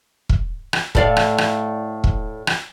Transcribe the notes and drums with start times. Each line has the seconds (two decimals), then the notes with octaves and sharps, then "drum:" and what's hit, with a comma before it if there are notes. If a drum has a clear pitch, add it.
0.29 drum: kick
0.73 drum: rim click
0.95 A2 D5 F5, drum: kick
1.17 drum: rim click
1.38 drum: rim click
2.04 drum: kick
2.47 drum: rim click